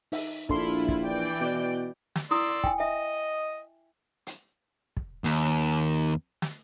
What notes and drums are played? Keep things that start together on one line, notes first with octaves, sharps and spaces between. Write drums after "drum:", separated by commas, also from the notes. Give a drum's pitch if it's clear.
D#4 E5, drum: open hi-hat
A#1 D4 E4 F4 A4 C6, drum: kick
drum: kick
E3 D5 G5
B2
drum: snare
E4 D5 C6 D#6 E6
G5 G#5, drum: kick
D#5 E5
drum: hi-hat
drum: kick
D#2, drum: hi-hat
drum: snare